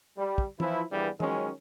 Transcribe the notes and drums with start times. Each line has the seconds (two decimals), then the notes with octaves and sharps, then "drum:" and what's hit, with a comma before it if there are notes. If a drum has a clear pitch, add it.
0.18 G3
0.38 drum: kick
0.60 E3 F3 E4, drum: tom E3
0.91 A#1 G2 E3 G3 B3 G#4
1.20 D#3 F3 F#3 G#3 C#4, drum: tom E3